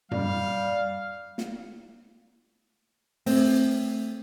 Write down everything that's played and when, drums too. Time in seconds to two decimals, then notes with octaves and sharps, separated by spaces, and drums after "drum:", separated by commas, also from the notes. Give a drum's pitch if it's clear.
0.11 G3 F5, drum: tom F#2
1.38 drum: snare
3.26 A3 C4, drum: open hi-hat